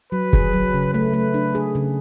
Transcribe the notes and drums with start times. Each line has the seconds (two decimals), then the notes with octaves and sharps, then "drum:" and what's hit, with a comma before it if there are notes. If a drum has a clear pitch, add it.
0.12 F#3 B4
0.33 G#4, drum: kick
0.53 F#3
0.74 C#3
0.94 A3 B4
1.14 A3
1.34 D4
1.55 G#4
1.75 C#3